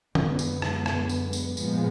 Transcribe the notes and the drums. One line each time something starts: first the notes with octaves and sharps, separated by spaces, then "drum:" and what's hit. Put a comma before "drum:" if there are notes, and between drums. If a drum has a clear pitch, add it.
F#2 D3 G#3 B3, drum: tom D3
drum: tambourine
drum: rim click
drum: rim click
drum: tambourine
drum: tambourine
A#2 F3 G#3 B3, drum: tambourine